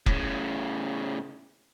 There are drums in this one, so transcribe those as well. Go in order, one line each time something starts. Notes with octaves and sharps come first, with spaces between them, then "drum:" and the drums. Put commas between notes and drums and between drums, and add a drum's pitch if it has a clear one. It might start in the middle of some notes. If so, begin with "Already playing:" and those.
A2 C#3, drum: kick F1